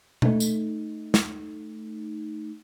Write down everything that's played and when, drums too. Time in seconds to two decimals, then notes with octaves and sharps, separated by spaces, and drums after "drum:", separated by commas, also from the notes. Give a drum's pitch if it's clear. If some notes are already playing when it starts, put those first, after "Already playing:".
0.22 A3 D#4, drum: tom B2
0.40 drum: tambourine
1.14 drum: snare